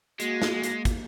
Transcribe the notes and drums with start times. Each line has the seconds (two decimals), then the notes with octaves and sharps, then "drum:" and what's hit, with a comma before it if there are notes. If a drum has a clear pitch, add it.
0.20 G#3 A#3 F#4, drum: hi-hat
0.42 drum: snare
0.63 drum: hi-hat
0.85 drum: kick, hi-hat